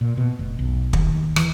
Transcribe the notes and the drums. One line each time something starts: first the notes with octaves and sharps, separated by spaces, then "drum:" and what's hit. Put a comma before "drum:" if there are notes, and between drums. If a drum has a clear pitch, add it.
A#2
B2
F1
B1
D#2, drum: kick
E3, drum: rim click